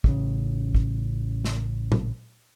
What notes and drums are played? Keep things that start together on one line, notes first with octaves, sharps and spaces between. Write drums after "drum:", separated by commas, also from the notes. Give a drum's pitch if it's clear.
A1 C#3, drum: kick
drum: kick
drum: snare
drum: tom A#2